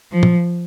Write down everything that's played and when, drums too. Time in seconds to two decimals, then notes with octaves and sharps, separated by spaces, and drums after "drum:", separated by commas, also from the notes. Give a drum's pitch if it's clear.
0.12 F3
0.23 drum: tom